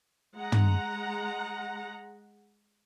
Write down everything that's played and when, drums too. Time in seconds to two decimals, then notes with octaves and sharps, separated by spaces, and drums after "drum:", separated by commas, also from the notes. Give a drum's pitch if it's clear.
0.36 G#3 F#5 A#5
0.52 drum: tom